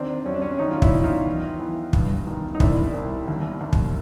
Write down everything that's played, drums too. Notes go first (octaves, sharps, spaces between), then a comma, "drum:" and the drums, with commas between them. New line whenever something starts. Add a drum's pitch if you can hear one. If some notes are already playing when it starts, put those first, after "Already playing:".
Already playing: C3 D#3 C4 D4
F#2 C#4
D4
C#4
D#3 C#4 D#4
F4
D4 E4, drum: kick
D#3
D#4 F4
E2
E3
G2, drum: kick
D#3
D#4
C2 D4 E4, drum: kick
C2
D#2
D#2
drum: kick